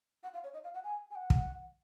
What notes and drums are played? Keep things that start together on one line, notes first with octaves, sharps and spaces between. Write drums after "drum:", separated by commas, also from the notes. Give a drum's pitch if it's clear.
F#5
F5
C#5
D#5
F5
F#5
G#5
G#5
F#5
drum: kick